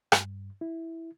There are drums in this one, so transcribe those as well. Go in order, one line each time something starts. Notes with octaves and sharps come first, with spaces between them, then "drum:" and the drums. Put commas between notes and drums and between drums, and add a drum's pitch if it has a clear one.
G2, drum: rim click
E4